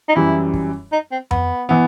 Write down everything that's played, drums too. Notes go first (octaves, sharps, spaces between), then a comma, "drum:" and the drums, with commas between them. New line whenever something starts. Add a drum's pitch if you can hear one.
D#4
F#2 E3 G3 E4
drum: kick
D#4
C4
B3, drum: tom F2
E3 B3